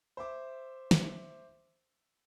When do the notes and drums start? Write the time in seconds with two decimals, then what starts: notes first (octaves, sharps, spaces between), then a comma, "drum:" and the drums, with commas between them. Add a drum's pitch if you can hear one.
0.17 C5 E5 D6
0.91 drum: snare